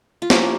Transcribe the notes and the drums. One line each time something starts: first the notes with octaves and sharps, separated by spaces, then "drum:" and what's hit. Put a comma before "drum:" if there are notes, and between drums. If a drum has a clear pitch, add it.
F4
F3 A#3 C#4 E4 G4, drum: snare